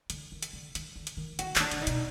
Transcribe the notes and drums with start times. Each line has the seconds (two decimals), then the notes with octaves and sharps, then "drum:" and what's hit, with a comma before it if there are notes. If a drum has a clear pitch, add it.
0.10 D3, drum: hi-hat
0.32 D#3
0.42 drum: hi-hat
0.53 D3
0.75 D#3, drum: hi-hat
0.96 D3
1.07 drum: hi-hat
1.17 D#3
1.39 D3 F#4, drum: hi-hat
1.56 D#3 D4, drum: clap
1.71 D3, drum: hi-hat
1.81 D#4
1.87 B2, drum: hi-hat